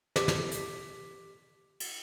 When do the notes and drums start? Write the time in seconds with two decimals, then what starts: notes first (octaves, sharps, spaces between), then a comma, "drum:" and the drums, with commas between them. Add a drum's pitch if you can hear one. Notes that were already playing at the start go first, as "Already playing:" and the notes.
0.16 G4 D6 B6, drum: snare
0.28 drum: snare
0.51 drum: hi-hat
1.80 drum: cymbal